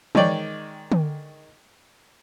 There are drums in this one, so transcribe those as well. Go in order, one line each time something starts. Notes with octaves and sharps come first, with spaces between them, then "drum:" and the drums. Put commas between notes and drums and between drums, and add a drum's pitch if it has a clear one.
D#3 G#3 C#5 D5 G5, drum: tom E3
drum: tom D3